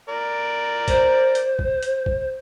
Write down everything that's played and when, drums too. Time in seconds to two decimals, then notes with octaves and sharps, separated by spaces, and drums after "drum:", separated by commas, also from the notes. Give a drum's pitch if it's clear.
0.09 A#4 D5
0.88 C5, drum: kick, hi-hat
1.35 drum: hi-hat
1.59 drum: kick
1.83 drum: hi-hat
2.06 drum: kick